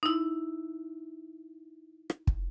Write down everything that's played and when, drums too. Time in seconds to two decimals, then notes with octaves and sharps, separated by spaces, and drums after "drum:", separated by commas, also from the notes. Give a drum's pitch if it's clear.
0.03 D#4 E4
2.10 drum: rim click
2.27 drum: kick